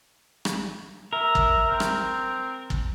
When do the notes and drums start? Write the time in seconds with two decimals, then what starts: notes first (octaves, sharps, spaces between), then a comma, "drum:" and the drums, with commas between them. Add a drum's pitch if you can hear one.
0.45 drum: rim click
1.13 A#4 E5
1.35 drum: kick
1.69 C4
1.80 drum: rim click
2.70 drum: kick